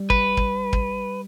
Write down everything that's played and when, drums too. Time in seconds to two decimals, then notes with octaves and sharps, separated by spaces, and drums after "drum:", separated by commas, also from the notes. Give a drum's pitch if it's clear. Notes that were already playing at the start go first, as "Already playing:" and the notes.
Already playing: G3
0.10 B4, drum: kick
0.37 drum: kick
0.73 drum: kick